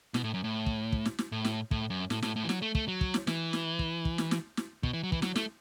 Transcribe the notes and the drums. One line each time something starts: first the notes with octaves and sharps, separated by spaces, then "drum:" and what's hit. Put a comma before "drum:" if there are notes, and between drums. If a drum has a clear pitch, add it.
B2, drum: snare
A2
F#2
A2
drum: kick
drum: kick
drum: snare
drum: snare
A2
drum: snare
A2, drum: kick
F#2
A2, drum: snare
A2, drum: snare
A2
E3
F#3, drum: snare
A3
A3, drum: kick
F#3
drum: kick
drum: snare
E3, drum: snare
drum: snare
drum: kick
drum: kick
drum: snare
drum: snare
drum: snare
B2, drum: kick
E3
F#3
E3, drum: kick
F#3, drum: snare
A3, drum: snare